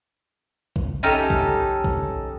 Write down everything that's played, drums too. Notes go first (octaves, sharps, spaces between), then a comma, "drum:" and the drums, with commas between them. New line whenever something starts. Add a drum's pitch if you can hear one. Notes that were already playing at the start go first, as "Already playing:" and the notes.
drum: kick A#1
C#4 D#4 G4 A4
drum: kick A#1
drum: kick A#1